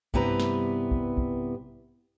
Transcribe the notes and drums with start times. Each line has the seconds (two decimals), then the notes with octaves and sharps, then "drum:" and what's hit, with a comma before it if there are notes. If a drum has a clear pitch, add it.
0.14 G2 C3 B3 E4 B4 A#5, drum: kick A#1
0.40 drum: snare
0.91 drum: kick A#1
1.17 drum: kick A#1